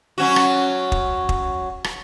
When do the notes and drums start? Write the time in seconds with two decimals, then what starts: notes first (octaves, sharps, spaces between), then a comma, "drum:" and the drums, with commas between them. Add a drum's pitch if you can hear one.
0.18 F#3 C#4 F#4
0.36 drum: rim click
0.92 drum: kick
1.29 drum: kick
1.84 drum: rim click